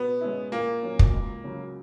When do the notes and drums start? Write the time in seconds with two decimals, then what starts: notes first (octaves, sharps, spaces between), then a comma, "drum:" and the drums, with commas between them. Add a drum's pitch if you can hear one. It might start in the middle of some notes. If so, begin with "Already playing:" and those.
Already playing: B2 B3
0.21 G#3 C#4 E4
0.52 A#2 A#3
0.83 F#3 C#4
0.99 drum: kick
1.13 C#2
1.44 C#3 F#3